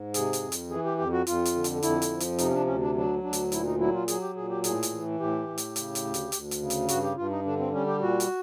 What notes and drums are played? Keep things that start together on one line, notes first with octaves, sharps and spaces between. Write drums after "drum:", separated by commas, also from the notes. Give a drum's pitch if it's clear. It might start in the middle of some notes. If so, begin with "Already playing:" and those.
Already playing: G#2
C3 G#4, drum: hi-hat
drum: hi-hat
F2
drum: hi-hat
E3 G#4
G4
F2 G4
F#4
F2 F4, drum: hi-hat
drum: hi-hat
D3
drum: hi-hat
F2 E4, drum: hi-hat
drum: hi-hat
F3
drum: hi-hat
C3 D#4, drum: hi-hat
C#4
D4
D2 C#4
D4
F#3 D4
D2 D4
drum: hi-hat
A#2 E4, drum: hi-hat
D#4
F#3 E4
F4
F#3 G#4, drum: hi-hat
G4
A#2 G#4
G4
A2 G#4, drum: hi-hat
drum: hi-hat
E3
A2 G4
A2
drum: hi-hat
C#3, drum: hi-hat
drum: hi-hat
D2
drum: hi-hat
D2, drum: hi-hat
drum: hi-hat
C#3
drum: hi-hat
G2 F#4, drum: hi-hat
G4
G2 F4
D#4
D3 D4
C4
G3 C#4
G4
A#2 F#4
drum: hi-hat